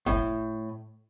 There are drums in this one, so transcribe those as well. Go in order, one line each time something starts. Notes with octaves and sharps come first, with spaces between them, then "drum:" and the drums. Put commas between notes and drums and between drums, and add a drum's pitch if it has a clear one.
A2, drum: kick F#1